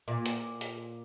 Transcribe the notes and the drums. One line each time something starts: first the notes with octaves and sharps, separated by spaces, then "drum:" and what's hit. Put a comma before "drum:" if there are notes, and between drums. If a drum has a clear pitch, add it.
A#2
drum: hi-hat
drum: hi-hat